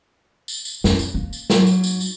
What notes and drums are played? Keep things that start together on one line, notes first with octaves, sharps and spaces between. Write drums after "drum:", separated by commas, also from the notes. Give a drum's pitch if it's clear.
drum: tambourine
drum: tambourine
F#2, drum: snare
drum: tambourine
A#3
drum: tambourine
G#2 F#3, drum: snare
drum: tambourine
drum: tambourine
drum: tambourine